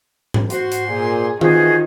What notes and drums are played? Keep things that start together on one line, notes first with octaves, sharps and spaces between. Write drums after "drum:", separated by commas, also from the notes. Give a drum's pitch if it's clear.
drum: tom G#2
F#4 C5 C6, drum: hi-hat
drum: hi-hat
A#2 G#4
D#3 E3 F4 F#4 G#4 C5, drum: tom D#3